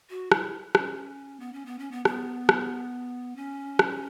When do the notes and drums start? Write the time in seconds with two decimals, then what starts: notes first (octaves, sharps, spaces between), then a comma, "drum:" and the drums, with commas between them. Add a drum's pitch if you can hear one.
0.10 F#4
0.32 E4, drum: rim click
0.75 C#4, drum: rim click
1.40 B3
1.53 C#4
1.66 B3
1.79 C#4
1.92 B3
2.05 B3, drum: rim click
2.49 drum: rim click
3.36 C#4
3.79 drum: rim click